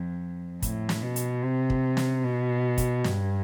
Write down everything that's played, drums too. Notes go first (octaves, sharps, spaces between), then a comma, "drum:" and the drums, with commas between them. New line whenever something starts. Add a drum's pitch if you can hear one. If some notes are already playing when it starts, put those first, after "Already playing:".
Already playing: F2
A2, drum: kick, hi-hat
drum: snare
B2
drum: hi-hat
C3
drum: kick
drum: snare
B2
drum: kick, hi-hat
G2, drum: snare